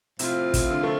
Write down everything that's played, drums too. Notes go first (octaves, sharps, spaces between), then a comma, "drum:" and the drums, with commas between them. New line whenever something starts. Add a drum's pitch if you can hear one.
A2 C3 F3 C4 F4, drum: hi-hat
drum: kick, hi-hat
D3
A3